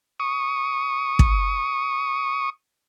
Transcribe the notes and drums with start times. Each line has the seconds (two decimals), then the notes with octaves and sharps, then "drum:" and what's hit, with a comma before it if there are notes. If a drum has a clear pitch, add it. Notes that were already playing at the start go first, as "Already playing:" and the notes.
0.20 C#6 D#6
1.19 drum: kick